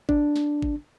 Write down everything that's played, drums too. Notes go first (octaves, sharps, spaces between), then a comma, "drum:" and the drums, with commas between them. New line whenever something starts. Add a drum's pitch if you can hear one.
D4, drum: kick G#1
drum: snare
drum: kick G#1